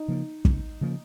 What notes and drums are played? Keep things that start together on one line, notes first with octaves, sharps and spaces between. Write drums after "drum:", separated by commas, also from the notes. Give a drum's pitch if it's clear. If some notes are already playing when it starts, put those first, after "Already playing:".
Already playing: D#4
C#3 F3 A#3
C#2, drum: kick
C#3 F3 A#3